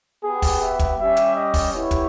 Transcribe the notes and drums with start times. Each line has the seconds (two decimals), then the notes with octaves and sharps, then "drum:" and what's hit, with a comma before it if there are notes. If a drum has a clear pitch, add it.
0.23 B3 G4 G#4
0.42 drum: kick, open hi-hat
0.61 E5
0.79 drum: kick, hi-hat
0.98 G3 C#4 G4 E5
1.17 drum: hi-hat
1.35 D#5
1.54 drum: kick, open hi-hat
1.72 B3 E4 G4 C#5
1.91 drum: kick, hi-hat